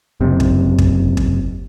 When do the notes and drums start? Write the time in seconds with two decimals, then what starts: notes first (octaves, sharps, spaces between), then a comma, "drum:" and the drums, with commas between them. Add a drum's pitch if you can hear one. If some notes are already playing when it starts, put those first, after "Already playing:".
0.21 F#1 C3
0.40 drum: kick
0.78 drum: kick
1.17 drum: kick